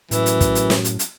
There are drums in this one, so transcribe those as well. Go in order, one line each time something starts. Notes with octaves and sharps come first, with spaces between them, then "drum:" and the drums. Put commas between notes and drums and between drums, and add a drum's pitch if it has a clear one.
F#2 A2 E3, drum: hi-hat
drum: hi-hat
drum: kick, hi-hat
drum: hi-hat
drum: snare
drum: hi-hat
drum: hi-hat